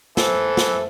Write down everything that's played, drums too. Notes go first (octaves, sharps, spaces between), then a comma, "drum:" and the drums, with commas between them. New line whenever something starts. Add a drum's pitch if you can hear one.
E3 A4 C5 E5, drum: snare
drum: snare